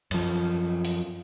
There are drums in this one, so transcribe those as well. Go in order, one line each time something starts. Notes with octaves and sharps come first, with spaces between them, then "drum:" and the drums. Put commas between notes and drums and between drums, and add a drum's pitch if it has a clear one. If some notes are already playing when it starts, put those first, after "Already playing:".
F#2 F3, drum: cymbal
drum: open hi-hat